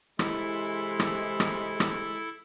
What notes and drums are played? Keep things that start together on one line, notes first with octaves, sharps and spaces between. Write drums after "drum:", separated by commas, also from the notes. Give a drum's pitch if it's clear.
C3 E3 G#3 E4 A4, drum: rim click
drum: rim click
drum: rim click
drum: rim click